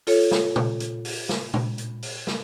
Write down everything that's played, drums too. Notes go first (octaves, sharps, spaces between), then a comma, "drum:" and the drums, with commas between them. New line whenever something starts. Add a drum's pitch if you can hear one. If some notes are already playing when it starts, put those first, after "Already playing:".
F4 A4 C#5, drum: open hi-hat
drum: snare
drum: tom A#2
drum: hi-hat
drum: open hi-hat
drum: snare
drum: tom A#2
drum: hi-hat
drum: open hi-hat
drum: snare